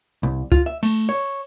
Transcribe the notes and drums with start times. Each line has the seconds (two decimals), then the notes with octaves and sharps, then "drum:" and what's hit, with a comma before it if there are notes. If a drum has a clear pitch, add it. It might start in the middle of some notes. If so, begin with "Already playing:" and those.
0.23 C2
0.52 F4, drum: kick
0.66 E5
0.83 A3, drum: cymbal
1.09 C#5